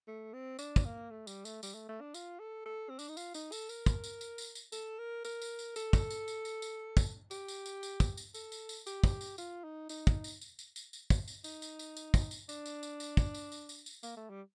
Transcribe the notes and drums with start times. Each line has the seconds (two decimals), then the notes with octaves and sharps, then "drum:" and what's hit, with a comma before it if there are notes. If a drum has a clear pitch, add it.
0.08 A3
0.33 C4
0.59 D4, drum: tambourine
0.76 drum: kick, tambourine
0.85 A#3
1.10 A3
1.27 G3, drum: tambourine
1.45 A3, drum: tambourine
1.63 G3, drum: tambourine
1.75 A3
1.89 A3
2.01 D4
2.14 F4, drum: tambourine
2.40 A4
2.66 A4
2.90 C4
2.99 D4, drum: tambourine
3.09 D#4
3.17 F4, drum: tambourine
3.34 D#4, drum: tambourine
3.52 A4, drum: tambourine
3.69 A#4, drum: tambourine
3.86 drum: kick, tambourine
4.04 drum: tambourine
4.21 drum: tambourine
4.38 drum: tambourine
4.55 drum: tambourine
4.72 A4, drum: tambourine
4.99 A#4
5.25 A#4, drum: tambourine
5.42 drum: tambourine
5.59 drum: tambourine
5.76 A4, drum: tambourine
5.93 drum: kick, tambourine
6.11 drum: tambourine
6.28 drum: tambourine
6.45 drum: tambourine
6.62 drum: tambourine
6.97 drum: kick, tambourine
7.31 G4, drum: tambourine
7.48 drum: tambourine
7.66 drum: tambourine
7.83 drum: tambourine
8.00 drum: kick, tambourine
8.17 drum: tambourine
8.34 A4, drum: tambourine
8.52 drum: tambourine
8.69 drum: tambourine
8.87 G4, drum: tambourine
9.04 drum: kick, tambourine
9.21 drum: tambourine
9.38 F4, drum: tambourine
9.64 D#4
9.89 D#4, drum: tambourine
10.07 drum: kick, tambourine
10.24 drum: tambourine
10.41 drum: tambourine
10.59 drum: tambourine
10.76 drum: tambourine
10.93 drum: tambourine
11.10 drum: kick, tambourine
11.28 drum: tambourine
11.44 D#4, drum: tambourine
11.62 drum: tambourine
11.79 drum: tambourine
11.97 drum: tambourine
12.14 drum: kick, tambourine
12.31 drum: tambourine
12.49 D4, drum: tambourine
12.66 drum: tambourine
12.83 drum: tambourine
13.00 drum: tambourine
13.17 drum: kick, tambourine
13.34 drum: tambourine
13.52 drum: tambourine
13.69 drum: tambourine
13.86 drum: tambourine
14.03 A#3, drum: tambourine
14.17 A3
14.30 G3